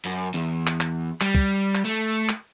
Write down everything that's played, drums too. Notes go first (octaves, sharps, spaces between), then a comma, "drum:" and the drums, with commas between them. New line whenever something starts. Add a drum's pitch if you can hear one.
F#2
E2
drum: clap
drum: clap
G3, drum: clap
drum: kick
drum: clap
A3
drum: clap